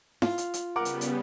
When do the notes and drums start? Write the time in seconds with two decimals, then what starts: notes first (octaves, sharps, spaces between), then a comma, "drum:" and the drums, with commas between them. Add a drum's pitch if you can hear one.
0.22 F4, drum: snare E4
0.38 drum: hi-hat
0.54 drum: hi-hat
0.76 C#3 G3 B3 A#4 F#5 D6
0.85 drum: hi-hat
1.01 drum: hi-hat